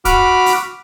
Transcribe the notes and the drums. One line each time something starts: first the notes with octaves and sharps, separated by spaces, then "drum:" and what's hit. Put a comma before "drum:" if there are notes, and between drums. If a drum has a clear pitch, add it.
F#4 B5 D6 F6, drum: kick, hi-hat
drum: open hi-hat